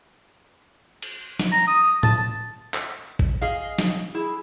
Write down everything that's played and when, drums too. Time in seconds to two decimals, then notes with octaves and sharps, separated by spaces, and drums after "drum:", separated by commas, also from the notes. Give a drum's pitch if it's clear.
1.02 drum: cymbal
1.39 drum: snare
1.52 A#5
1.67 D#6
2.03 A5, drum: tom A2
2.74 drum: clap
3.19 drum: kick
3.41 G#4 D#5 F5
3.79 drum: snare
4.15 E4 G#4